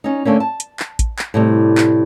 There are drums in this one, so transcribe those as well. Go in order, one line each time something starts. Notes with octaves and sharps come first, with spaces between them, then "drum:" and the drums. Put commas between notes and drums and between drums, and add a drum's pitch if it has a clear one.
C#4 D#4
D3 A3 A#3 C#4
A5
drum: hi-hat
drum: clap
drum: kick A1, hi-hat
drum: clap
A2 C3 G3
drum: clap